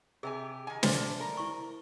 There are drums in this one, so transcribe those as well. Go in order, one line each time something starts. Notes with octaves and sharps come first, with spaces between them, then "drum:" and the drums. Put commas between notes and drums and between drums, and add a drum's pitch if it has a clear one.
C3 G4 G#4 G#5
D#3 G#5
A4 C5 D5 E5 C6, drum: snare
A#4
E4 C#6